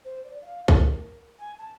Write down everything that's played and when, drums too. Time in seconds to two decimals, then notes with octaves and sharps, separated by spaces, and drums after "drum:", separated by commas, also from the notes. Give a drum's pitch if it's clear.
0.04 C5
0.24 D5
0.41 F5
0.68 A#4, drum: kick
1.38 G#5
1.58 A5